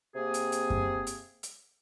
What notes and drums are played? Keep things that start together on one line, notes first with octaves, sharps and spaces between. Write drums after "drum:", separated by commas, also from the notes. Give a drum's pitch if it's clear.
C3 A#3 C4 G#4
drum: hi-hat
drum: hi-hat
drum: kick F#2
drum: hi-hat
drum: hi-hat